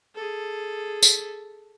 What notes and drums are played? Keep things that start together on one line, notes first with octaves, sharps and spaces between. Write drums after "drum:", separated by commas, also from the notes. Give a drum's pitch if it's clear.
G#4 A4
drum: tambourine